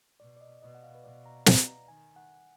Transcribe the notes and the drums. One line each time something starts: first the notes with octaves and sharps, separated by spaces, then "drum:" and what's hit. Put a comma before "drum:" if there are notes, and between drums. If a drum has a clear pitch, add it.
B2 D5
D5
D#5
B2 D#5
F#5
F5
B4
B2 D5
A#5
drum: snare
A#5
D#3 G#5
F#5